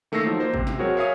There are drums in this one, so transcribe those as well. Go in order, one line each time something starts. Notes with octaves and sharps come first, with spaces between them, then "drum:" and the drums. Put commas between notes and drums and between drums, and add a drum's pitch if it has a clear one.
D#3 A3 A#3 E6 A#6 C7
F3 F#3 D#4
A#3 C5
C3, drum: kick G#1
drum: snare
F#3 C4 F#4 G#4 A#4 C#5
A#4 C#5 E5 F5 G#5 D#6